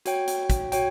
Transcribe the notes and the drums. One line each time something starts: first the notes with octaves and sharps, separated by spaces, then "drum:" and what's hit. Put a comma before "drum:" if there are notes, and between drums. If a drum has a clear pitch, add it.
F#4 C#5 G5, drum: hi-hat
drum: hi-hat
drum: kick, hi-hat
F#4 C#5 G5, drum: hi-hat